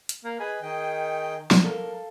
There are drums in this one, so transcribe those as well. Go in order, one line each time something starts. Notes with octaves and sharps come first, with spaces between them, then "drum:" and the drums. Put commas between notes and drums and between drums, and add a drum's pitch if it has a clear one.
drum: hi-hat
A#3 A#5
G#4 B4 D#5 B5
D#3 G#4 D#5 G5
drum: snare
A4 A#4 F5